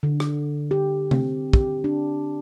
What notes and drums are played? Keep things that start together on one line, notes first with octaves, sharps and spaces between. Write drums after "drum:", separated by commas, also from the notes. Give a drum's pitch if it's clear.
D3
drum: rim click
G4
C4, drum: tom C3
G4, drum: kick
D4